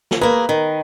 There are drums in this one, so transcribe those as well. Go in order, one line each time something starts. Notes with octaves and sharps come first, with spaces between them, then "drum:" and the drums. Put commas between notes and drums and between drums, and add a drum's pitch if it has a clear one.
drum: snare
A#3 G#4 B4 A#5
D#3